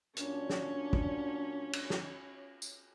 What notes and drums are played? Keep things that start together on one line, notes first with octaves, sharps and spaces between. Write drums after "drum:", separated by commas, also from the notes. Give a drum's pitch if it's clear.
A#2 F#3 C#4 D4, drum: hi-hat
drum: snare
drum: kick
drum: cymbal
drum: snare
drum: tambourine